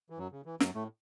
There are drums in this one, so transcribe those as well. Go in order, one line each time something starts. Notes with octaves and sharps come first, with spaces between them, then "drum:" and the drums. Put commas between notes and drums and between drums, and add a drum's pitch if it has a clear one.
E3
F#2 F#3
C#3
E3
F#2 F#3, drum: snare
A2 A3